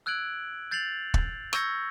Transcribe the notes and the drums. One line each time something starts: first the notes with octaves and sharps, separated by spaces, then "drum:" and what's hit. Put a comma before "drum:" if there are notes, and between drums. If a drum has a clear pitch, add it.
E6 F#6 G#6 D7 F#7
G6 A6 C7 F7 F#7
drum: kick
C#6 E6 G6 G#6 A#6 C#7, drum: rim click